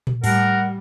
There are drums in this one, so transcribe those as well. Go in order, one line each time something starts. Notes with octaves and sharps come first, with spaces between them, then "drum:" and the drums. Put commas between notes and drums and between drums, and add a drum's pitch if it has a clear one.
drum: tom A#2
A2 G3 A#4 F#5, drum: open hi-hat